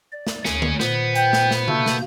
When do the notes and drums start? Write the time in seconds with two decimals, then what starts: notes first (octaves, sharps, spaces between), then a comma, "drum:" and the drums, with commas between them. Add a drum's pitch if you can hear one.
0.12 D5
0.27 drum: snare
0.45 D2 C#4 G#4, drum: snare
0.62 drum: tom D3
0.80 A#2 B3 C5, drum: snare
1.15 G5, drum: hi-hat
1.33 drum: snare
1.51 drum: snare
1.68 B2 A3 A#3 G6, drum: tom C#3
1.86 drum: snare